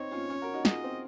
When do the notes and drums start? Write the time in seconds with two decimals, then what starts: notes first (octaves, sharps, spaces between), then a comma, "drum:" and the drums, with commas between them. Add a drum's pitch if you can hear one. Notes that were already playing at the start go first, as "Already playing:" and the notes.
Already playing: C4 D#4 C#5
0.11 C#4 F4
0.29 C#4 F4
0.42 F#4 A#4
0.54 D#4 F#4
0.65 F4 G#4 D#5, drum: snare
0.84 C4